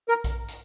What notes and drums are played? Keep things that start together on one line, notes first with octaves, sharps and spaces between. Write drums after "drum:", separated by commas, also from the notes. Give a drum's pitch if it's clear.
A#4
drum: kick A#1, hi-hat
drum: hi-hat